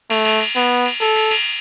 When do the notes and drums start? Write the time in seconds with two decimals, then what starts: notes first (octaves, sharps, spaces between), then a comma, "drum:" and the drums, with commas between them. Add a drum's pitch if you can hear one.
0.10 A3, drum: cymbal
0.25 drum: cymbal
0.40 drum: cymbal
0.56 B3, drum: cymbal
0.86 drum: cymbal
1.01 A4, drum: cymbal
1.16 drum: cymbal
1.31 drum: cymbal